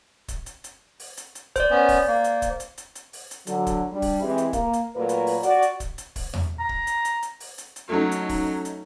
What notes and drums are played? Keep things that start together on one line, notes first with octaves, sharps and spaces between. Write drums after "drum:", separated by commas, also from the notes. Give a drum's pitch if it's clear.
drum: kick, hi-hat
drum: hi-hat
drum: hi-hat
drum: open hi-hat
drum: hi-hat
drum: hi-hat
C5 D5, drum: kick, hi-hat
B3 C#4
drum: kick, open hi-hat
A#3
drum: hi-hat
drum: kick, hi-hat
drum: hi-hat
drum: hi-hat
drum: hi-hat
drum: open hi-hat
drum: hi-hat
D3 F#3, drum: hi-hat
drum: kick, hi-hat
G3 D4
drum: kick, open hi-hat
E3 G#3 C4 G4
drum: hi-hat
A#3, drum: kick, hi-hat
drum: hi-hat
A#2 F#3 A3 A#4 B4
drum: hi-hat
drum: open hi-hat
F#4 D5, drum: hi-hat
drum: hi-hat
drum: kick, hi-hat
drum: hi-hat
drum: kick, open hi-hat
drum: tom E2
A#5
drum: kick
drum: hi-hat
drum: hi-hat
drum: hi-hat
drum: open hi-hat
drum: hi-hat
drum: hi-hat
F#3 A3 C#4 D#4
drum: hi-hat
drum: kick, open hi-hat
drum: hi-hat